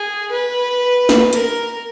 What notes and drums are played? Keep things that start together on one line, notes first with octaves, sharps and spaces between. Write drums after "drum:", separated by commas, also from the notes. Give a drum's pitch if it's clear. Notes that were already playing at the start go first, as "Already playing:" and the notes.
Already playing: G#4
B4
drum: snare
A#4, drum: hi-hat